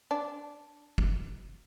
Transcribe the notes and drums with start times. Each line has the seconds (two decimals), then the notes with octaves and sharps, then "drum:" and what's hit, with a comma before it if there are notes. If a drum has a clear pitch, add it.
0.11 D4
0.98 drum: kick